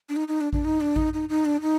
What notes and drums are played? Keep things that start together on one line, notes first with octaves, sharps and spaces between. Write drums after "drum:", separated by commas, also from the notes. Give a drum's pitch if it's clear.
D4
D#4
D#4
D4
D4, drum: kick A1
D#4
D4
D#4, drum: kick A1
D#4
D#4
D4
D#4